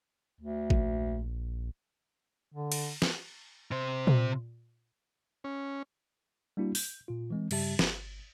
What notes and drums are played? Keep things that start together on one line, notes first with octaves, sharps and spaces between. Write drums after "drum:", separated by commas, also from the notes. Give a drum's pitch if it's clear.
D2
A#1, drum: kick A1
D3
drum: cymbal
drum: snare
C3 C5
drum: tom A#2
C#4
G3 A#3 D4 E4 F#4
G6, drum: open hi-hat
A#2 F4
E3 G#3 C4
G2 C#3 G3 G4 E5 A5, drum: cymbal
G1, drum: snare